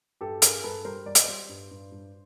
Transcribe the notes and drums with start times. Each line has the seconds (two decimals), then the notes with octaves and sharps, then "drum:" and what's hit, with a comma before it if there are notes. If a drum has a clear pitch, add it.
0.21 G2 G4 A4
0.42 G2 G#4 A#4, drum: hi-hat
0.64 G2 A4 B4
0.85 G3 A#4 C5
1.06 G3 D5
1.15 D#5, drum: hi-hat
1.24 G3 C5 D5
1.49 G2
1.71 G2
1.92 G2